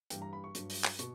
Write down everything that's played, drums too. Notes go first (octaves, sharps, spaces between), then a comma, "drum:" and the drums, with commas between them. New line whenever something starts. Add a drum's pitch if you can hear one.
G2 E3 G3 G5, drum: hi-hat
A#5
B5
C#6
G2 F#3, drum: hi-hat
drum: open hi-hat
drum: clap
B2 C#6, drum: hi-hat